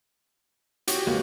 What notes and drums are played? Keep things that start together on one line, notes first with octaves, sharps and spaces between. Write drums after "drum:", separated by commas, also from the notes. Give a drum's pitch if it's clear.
F#4 G4 C#5, drum: hi-hat
G#3 A#3 B3